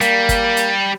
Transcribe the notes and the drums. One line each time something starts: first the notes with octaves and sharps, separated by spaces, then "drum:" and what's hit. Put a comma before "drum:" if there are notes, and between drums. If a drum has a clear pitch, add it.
G3 A#3, drum: hi-hat
drum: kick G1, hi-hat
drum: hi-hat